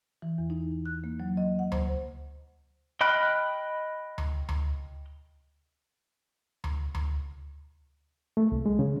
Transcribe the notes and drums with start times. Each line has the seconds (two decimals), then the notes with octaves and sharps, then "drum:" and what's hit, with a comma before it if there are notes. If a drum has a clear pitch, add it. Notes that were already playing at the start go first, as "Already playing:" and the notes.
0.22 E3
0.38 E2
0.50 D#4
0.86 F#6
1.04 A#3
1.20 F#3
1.37 D#5
1.59 F#5
1.72 C5, drum: tom D2
3.01 D#5 G5 B5 F6 F#6
4.18 drum: tom D2
4.49 drum: tom D2
6.64 drum: tom D2
6.94 drum: tom D2
8.37 A3
8.52 C2
8.66 G#3
8.79 C#3